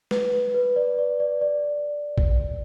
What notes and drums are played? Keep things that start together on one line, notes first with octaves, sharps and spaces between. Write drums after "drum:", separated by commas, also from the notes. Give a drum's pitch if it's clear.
B4, drum: snare
B4
B4
D5
D5
D5
D5
drum: kick